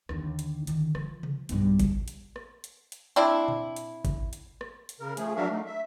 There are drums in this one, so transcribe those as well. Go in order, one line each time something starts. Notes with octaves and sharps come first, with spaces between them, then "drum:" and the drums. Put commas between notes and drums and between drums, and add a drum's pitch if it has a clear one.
D#2 D3, drum: rim click
drum: hi-hat
D3 D#3, drum: hi-hat
F3, drum: rim click
drum: tom C3
B1 G2, drum: hi-hat
drum: kick, hi-hat
drum: hi-hat
drum: rim click
drum: hi-hat
drum: hi-hat
C4 D4 E4
drum: tom A#2
drum: hi-hat
drum: kick, hi-hat
drum: hi-hat
drum: rim click
drum: hi-hat
C#3 A#4
F3 A3 G#4, drum: hi-hat
F#3 D4 F#4 A#4 E5 F5
A3 D#4
E5